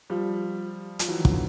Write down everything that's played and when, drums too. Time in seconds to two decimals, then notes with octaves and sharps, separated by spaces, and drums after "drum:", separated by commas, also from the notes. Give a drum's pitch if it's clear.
0.10 F3 G3
0.99 F3, drum: hi-hat
1.08 E3 F#3
1.17 D#3
1.25 D3 E3, drum: kick